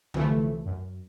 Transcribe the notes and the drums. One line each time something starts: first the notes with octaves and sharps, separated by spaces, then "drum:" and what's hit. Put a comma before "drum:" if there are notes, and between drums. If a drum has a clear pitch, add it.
C2 E3 F3 A3, drum: tom D3
F#2